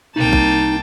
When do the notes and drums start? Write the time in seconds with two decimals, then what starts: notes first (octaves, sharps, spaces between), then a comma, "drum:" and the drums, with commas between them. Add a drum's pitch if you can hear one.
0.16 C2 C3 A#3 D#4 G5 A5
0.33 drum: kick